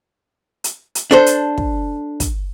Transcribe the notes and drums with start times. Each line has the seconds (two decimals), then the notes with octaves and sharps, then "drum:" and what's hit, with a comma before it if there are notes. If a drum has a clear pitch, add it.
0.64 drum: hi-hat
0.95 drum: hi-hat
1.11 D4 A4 C5
1.26 drum: hi-hat
1.58 drum: kick
2.20 drum: kick, hi-hat